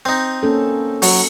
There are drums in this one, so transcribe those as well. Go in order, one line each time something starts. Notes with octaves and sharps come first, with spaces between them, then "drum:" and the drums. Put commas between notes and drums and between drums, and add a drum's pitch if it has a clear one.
C4 D#4
A#3 C#4 A4
F#3, drum: open hi-hat